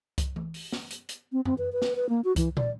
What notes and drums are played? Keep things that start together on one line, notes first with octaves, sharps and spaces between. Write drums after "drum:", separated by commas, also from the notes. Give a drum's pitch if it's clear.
drum: kick C2, hi-hat
drum: tom E3
drum: open hi-hat
drum: snare
drum: hi-hat
drum: hi-hat
C4
C4, drum: tom F2
B4
B4
drum: snare
B4
A#3
F#4
E3, drum: kick C2, hi-hat
D5, drum: tom